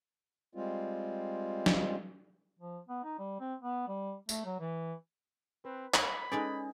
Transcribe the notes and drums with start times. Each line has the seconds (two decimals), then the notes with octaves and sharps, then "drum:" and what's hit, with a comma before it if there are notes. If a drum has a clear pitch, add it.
0.55 G3 G#3 C4 F4
1.66 drum: snare
2.59 F3
2.88 B3
3.04 D#4
3.18 G3
3.40 C4
3.62 B3
3.88 G3
4.29 A3, drum: tambourine
4.45 F#3
4.60 E3
5.65 C4 B4
5.94 B5, drum: clap
6.32 G#3 C#4 D#4 G#4 A4 B4 D5